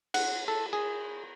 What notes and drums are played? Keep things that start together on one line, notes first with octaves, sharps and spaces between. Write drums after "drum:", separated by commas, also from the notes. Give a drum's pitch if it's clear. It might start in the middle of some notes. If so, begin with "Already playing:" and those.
F#5, drum: cymbal
A4
G#4